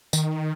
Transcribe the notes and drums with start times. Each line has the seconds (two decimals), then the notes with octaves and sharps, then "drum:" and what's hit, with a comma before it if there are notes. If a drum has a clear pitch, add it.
0.13 D#3, drum: tambourine